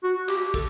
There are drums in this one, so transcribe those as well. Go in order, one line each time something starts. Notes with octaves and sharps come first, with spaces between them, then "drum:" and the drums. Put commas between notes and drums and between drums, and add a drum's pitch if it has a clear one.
F#4
G4, drum: clap
A4, drum: kick, hi-hat